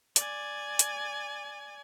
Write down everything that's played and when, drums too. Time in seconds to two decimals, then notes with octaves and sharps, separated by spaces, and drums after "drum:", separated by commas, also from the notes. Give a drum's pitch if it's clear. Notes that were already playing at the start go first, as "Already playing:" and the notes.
0.16 D5 G#5, drum: hi-hat
0.79 drum: hi-hat